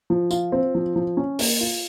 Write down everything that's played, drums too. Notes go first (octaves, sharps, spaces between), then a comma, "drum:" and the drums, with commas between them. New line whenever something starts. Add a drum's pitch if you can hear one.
F3
F4, drum: tambourine
C4
F3
F3
C#4
A#3, drum: open hi-hat
F4